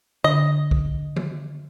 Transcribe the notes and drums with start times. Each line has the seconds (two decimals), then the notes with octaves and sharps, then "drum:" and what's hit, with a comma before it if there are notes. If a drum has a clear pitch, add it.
0.24 D3 D#5
0.71 drum: kick
1.16 drum: tom D#3